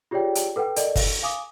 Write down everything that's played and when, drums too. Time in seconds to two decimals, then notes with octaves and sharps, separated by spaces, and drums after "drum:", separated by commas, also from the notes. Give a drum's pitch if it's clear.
0.11 F4 G4 G#4 C#5 D5 G5
0.35 drum: hi-hat
0.56 A4 B4 F#5 G5
0.76 A4 A#4 D5 D#5, drum: hi-hat
0.96 A4, drum: kick, open hi-hat
1.22 F5 G#5 D6 D#6